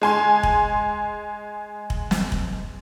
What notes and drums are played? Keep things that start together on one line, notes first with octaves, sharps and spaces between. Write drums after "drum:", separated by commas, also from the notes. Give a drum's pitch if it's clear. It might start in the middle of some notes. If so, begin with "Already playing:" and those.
G#3 G#5 C6
drum: kick
drum: kick
drum: snare
drum: kick